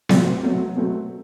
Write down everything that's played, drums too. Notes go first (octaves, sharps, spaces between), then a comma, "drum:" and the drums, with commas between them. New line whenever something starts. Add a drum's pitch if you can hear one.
A#2 F#3 A3 C4, drum: snare B3
B2 F#3 A3 C4
B2 F#3 A3 C4